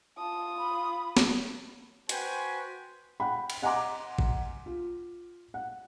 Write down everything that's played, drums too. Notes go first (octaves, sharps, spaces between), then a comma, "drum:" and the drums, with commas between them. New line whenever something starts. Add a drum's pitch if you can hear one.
F4 A5 D#6
B5
drum: snare
F#4 B4 C5 G5 G#5, drum: hi-hat
F#5 G5 B5
drum: cymbal
D#5 F#5 G#5 A#5 C6 D6
drum: kick A1
F4
F#5